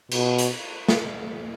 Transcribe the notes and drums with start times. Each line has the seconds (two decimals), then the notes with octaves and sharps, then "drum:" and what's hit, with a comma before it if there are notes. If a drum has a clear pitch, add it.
0.11 B2, drum: cymbal
0.38 drum: hi-hat
0.88 drum: snare